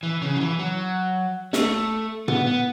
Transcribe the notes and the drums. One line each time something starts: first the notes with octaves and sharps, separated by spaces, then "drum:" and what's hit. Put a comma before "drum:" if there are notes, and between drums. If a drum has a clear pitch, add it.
E3
C#3
F#3
E3
F#3
A3, drum: snare
B3, drum: tom
B3